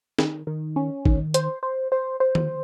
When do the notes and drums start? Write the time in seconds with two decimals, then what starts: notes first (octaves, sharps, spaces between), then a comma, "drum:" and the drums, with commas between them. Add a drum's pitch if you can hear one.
0.19 D#3, drum: snare
0.47 D#3
0.76 C#4
1.05 D#3, drum: kick
1.34 C5, drum: hi-hat
1.63 C5
1.92 C5
2.20 C5
2.35 drum: tom D#3